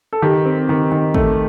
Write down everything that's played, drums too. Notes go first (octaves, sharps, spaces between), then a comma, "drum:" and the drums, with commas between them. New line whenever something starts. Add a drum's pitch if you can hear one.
A4
D#3 G4
C4
D#3
D#3
A3, drum: kick